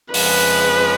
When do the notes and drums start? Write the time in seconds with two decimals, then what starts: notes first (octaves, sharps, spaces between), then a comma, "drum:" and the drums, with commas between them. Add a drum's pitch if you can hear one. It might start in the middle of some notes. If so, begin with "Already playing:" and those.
0.14 F2 C#3 F3 G#3 B4, drum: open hi-hat